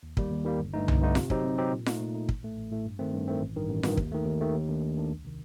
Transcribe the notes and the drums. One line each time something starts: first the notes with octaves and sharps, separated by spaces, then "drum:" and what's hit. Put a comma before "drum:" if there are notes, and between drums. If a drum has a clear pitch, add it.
D#2
D#3 G3 A#3, drum: kick
D#2
D#3 G3 A#3
G1
G2 D3 A3 D#4
G1, drum: tom C2
G2 D3 A3 D#4
C3, drum: snare F4
F#3 C4 D#4 G4, drum: kick
C3
F#3 C4 D#4 G4
A#2
A3 D#4, drum: snare F4
A#2
A3 D#4
A1, drum: kick
A2 A3
A1
A2 A3
G2
D#3 A3 C4
G2
D#3 A3 C4
A1
G2 D#3
A1
G2 D#3, drum: snare F4
D#2, drum: kick
D#3 A3
D#2
D#3 A3
D#2
D#3 A3 D4
D#2
D#3 A3 D4
C2
C3 D#3